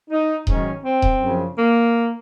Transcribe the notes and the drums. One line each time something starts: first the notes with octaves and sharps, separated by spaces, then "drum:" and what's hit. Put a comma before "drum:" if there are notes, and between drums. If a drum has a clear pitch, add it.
D#4
G#2 D#3 F#3 C#4, drum: kick D#1
C4
drum: kick D#1
F#2 C#3 F3
A#3